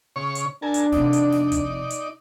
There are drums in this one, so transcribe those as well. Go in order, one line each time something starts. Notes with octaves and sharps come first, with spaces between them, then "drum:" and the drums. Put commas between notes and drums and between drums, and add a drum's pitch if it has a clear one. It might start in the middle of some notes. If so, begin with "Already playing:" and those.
C#3 C#5 C#6
drum: hi-hat
D4 A#4 G#5 A5
drum: hi-hat
F2 C3 D#4 D5, drum: snare
drum: hi-hat
drum: snare
drum: kick, hi-hat
drum: hi-hat